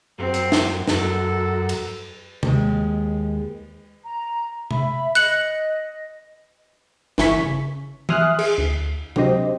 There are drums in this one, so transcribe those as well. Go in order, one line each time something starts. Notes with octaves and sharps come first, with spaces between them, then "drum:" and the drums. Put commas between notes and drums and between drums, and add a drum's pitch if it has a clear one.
F#2 C4
drum: hi-hat
drum: snare
F#2 A4, drum: snare
drum: cymbal
D#2 G#3, drum: tom C3
A#5
E5 B5, drum: tom C3
D#5 F#6 C#7 F#7
G1 E3 E4 G#5 C#6 B6, drum: snare
C#3
E5 G#5 C6 D#6 F6 F#6, drum: tom
G#4, drum: cymbal
D2
F#3 C4 D4 G4 C5 D#5, drum: tom C3